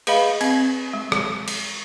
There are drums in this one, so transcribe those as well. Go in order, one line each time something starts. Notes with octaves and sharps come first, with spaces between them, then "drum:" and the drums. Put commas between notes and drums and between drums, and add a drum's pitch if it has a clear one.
G#4 B4 D#5 F5 B5, drum: cymbal
C4, drum: cymbal
G#3
drum: rim click
drum: cymbal